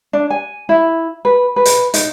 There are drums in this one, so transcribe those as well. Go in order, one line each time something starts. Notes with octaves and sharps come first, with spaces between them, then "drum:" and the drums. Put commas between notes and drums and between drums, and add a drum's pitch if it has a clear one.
D4
G#5
E4
B4
B4
drum: hi-hat
D#4, drum: hi-hat